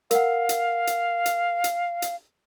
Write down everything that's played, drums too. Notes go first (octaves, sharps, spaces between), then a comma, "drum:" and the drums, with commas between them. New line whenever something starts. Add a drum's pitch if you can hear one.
A#4 F5 F#5, drum: hi-hat
drum: hi-hat
drum: hi-hat
drum: hi-hat
drum: hi-hat
drum: hi-hat